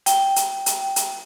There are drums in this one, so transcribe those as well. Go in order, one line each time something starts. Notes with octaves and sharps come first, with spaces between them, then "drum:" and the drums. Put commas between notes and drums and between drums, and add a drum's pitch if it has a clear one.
G5, drum: hi-hat
drum: hi-hat
drum: hi-hat
drum: hi-hat